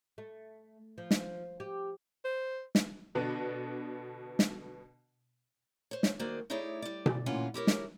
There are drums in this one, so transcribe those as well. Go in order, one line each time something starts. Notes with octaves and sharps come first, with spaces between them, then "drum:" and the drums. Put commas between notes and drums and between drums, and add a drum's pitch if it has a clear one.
A3
F3
drum: snare
G4
C5
drum: snare
B2 D3 B3 D4
drum: snare
C5 C#5
drum: snare
D#3 A#3 F#4 G#4 C5 D5
A3 D#4 E4 G#4 C#5 D5
G3 D5
drum: tom B2
D2 A#2 E3 C#4 F4 F#5
E4 G4 A#4 C#5
drum: snare